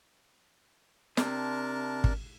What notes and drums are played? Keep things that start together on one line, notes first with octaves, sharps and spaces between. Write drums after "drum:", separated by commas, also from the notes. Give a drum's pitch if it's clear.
C3 D4 A#4 A5, drum: snare
drum: kick G#1